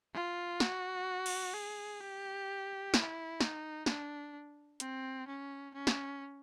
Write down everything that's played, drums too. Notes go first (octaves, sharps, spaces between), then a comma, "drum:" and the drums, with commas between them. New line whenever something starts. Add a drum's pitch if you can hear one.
F4
F#4, drum: snare
drum: cymbal
G#4
G4
E4, drum: snare
D#4, drum: snare
D4, drum: snare
C4, drum: hi-hat
C#4
C#4
drum: snare